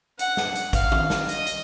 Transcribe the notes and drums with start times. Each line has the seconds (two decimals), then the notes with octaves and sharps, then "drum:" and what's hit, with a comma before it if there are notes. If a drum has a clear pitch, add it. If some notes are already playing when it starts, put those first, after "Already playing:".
0.19 F#5, drum: hi-hat
0.37 drum: snare
0.55 drum: hi-hat
0.73 F5, drum: kick, hi-hat
0.92 drum: tom D#3
1.10 drum: snare
1.29 D#5, drum: hi-hat
1.47 drum: hi-hat